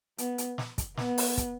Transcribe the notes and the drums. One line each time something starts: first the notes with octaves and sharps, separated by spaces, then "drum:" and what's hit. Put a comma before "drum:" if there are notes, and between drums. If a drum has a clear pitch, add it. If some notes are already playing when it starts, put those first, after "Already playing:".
B3, drum: hi-hat
drum: hi-hat
drum: snare
drum: kick, hi-hat
B3, drum: snare
drum: open hi-hat
drum: kick, hi-hat